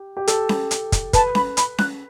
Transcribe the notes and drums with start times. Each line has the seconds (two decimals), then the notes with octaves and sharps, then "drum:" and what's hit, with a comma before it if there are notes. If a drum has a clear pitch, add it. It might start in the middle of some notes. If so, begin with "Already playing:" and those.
Already playing: G4
0.17 G4
0.27 A4, drum: hi-hat
0.49 drum: snare C#4
0.71 drum: hi-hat
0.92 drum: kick, hi-hat
1.13 B4 A5, drum: kick, hi-hat
1.35 B5, drum: snare C#4
1.57 B5, drum: hi-hat
1.78 F#6, drum: snare C#4